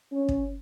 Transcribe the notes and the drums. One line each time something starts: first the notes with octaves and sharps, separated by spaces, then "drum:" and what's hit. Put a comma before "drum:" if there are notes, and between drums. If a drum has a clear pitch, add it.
C#4
drum: kick